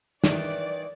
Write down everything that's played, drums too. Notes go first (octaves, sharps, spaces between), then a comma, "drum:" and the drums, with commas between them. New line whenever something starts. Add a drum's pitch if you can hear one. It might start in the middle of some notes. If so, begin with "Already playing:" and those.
D#3 E3 D5, drum: snare